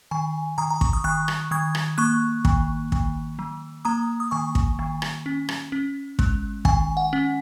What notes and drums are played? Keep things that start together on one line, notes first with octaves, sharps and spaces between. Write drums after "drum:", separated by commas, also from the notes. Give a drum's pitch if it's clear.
D#3 G#5
D#3 A#5 D#6
A#5
C#6, drum: kick
D#6
D#3 C#6 F#6
drum: rim click
D#3 D#6 G#6
drum: rim click
A#3 C#6 F#6
D#3, drum: kick
D#3, drum: kick
F#3
A#3 A#5 D#6
D#6
D#3 G#5 C#6
drum: kick
D#3
drum: rim click
C#4
drum: rim click
C#4
G#3, drum: kick
D#3 G#5, drum: kick
F#5
C#4